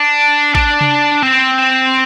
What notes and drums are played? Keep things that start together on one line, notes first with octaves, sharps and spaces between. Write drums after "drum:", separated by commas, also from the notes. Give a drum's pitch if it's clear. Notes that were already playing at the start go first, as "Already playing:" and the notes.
Already playing: D4
D4, drum: kick
drum: tom C3
C4